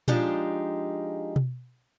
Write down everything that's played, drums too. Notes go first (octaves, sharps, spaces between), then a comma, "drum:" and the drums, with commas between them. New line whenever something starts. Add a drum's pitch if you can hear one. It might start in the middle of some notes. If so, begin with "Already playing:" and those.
F3 G#3 D4 D#4 G4 G#4, drum: tom A#2
drum: tom B2